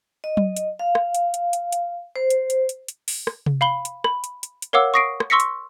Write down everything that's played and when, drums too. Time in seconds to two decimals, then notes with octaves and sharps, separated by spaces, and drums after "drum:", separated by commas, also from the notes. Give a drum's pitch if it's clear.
0.24 D#5
0.37 drum: tom F#3
0.57 drum: hi-hat
0.79 F5
0.95 drum: rim click
1.14 drum: hi-hat
1.34 drum: hi-hat
1.53 drum: hi-hat
1.72 drum: hi-hat
2.16 C5
2.30 drum: hi-hat
2.50 drum: hi-hat
2.69 drum: hi-hat
2.88 drum: hi-hat
3.08 drum: open hi-hat
3.27 drum: rim click
3.46 drum: tom C3
3.61 F5 B5 G7
3.85 drum: hi-hat
4.04 B5, drum: rim click
4.24 drum: hi-hat
4.43 drum: hi-hat
4.62 drum: hi-hat
4.73 A#4 C#5 F5 F#5 D6 E6
4.94 C#6 D#6 A#6 C7 D7
5.20 drum: rim click
5.30 C6 C#6 E6 A#6 B6 C#7
5.40 drum: hi-hat